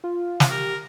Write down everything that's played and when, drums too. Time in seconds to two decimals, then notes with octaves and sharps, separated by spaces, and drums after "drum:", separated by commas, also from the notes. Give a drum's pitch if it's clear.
0.04 F4
0.40 drum: snare
0.50 G4 A#4